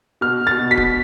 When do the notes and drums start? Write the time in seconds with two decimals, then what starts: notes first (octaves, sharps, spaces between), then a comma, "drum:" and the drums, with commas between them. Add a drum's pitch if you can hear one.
0.21 B2 F6
0.41 B2
0.47 A6
0.59 B2
0.71 B6
0.78 B2, drum: kick